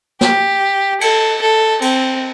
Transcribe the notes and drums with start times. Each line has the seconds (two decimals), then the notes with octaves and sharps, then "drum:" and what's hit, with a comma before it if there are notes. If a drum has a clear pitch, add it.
0.21 G4, drum: snare
1.01 A4, drum: cymbal
1.41 A4
1.82 C4, drum: cymbal